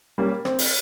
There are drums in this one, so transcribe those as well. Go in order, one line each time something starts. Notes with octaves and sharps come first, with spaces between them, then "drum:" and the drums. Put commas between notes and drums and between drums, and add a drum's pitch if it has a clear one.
G3 A#3 C#4
C4, drum: rim click
drum: open hi-hat